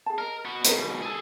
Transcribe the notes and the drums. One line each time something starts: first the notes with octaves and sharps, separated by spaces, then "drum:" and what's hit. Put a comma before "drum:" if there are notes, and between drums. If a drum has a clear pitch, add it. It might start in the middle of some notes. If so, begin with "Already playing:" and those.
G#4 A5
A#4 D#5
B3 F#4
G#2 B2 A#4 A#5, drum: hi-hat
G#4 A4